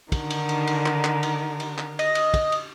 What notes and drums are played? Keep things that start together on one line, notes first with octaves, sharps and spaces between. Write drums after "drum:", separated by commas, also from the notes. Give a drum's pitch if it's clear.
D3 D#3 D#4, drum: kick, cymbal
drum: cymbal
drum: cymbal
drum: cymbal
drum: clap
drum: clap
drum: cymbal
drum: cymbal
drum: clap
D#5, drum: cymbal
drum: cymbal
drum: kick, cymbal
drum: cymbal